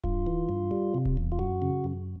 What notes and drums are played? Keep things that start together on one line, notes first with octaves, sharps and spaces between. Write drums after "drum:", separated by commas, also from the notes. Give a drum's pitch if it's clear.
G2 F4, drum: kick D1
E3
G2
G3
C3
drum: kick D1
E2
F4
F#2 F#4
C#3
F#2